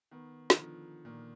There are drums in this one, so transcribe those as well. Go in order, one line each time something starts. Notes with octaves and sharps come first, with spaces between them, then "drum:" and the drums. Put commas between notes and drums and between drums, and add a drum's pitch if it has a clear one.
D#3 B3
D#3, drum: snare
D3 F3
A#2 D#3